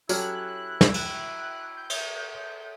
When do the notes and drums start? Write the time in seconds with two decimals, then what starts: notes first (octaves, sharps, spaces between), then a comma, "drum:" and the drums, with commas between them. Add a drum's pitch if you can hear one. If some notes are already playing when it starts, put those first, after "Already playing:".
0.09 F#3 C#4 E4 G4 A4 C#5 F6 F#6, drum: tambourine
0.81 drum: snare
0.94 drum: cymbal
1.77 G6
1.90 drum: cymbal